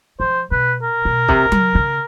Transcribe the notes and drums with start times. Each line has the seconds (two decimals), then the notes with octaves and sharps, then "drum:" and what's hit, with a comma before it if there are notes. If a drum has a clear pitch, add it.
0.20 F3 C5
0.51 B2 B4
0.83 A#4
1.05 B2
1.28 C3, drum: kick
1.52 C#3, drum: tom F#3
1.75 C#3